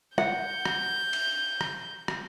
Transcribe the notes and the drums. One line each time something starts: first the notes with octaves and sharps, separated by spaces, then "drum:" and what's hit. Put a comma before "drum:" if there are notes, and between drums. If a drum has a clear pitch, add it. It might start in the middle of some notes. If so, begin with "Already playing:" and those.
F#5 G6, drum: rim click
drum: rim click
drum: cymbal
drum: rim click
drum: rim click